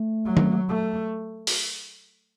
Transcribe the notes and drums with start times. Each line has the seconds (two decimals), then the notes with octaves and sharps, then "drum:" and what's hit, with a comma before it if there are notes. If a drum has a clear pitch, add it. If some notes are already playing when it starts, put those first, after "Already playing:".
Already playing: A3
0.25 F#3
0.37 drum: tom
0.69 A3
1.47 drum: open hi-hat